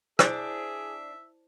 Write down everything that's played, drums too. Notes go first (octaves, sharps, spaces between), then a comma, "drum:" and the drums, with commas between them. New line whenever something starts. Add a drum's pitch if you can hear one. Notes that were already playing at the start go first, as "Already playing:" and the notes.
D4 E4 G#4 C5 C#5 E5, drum: rim click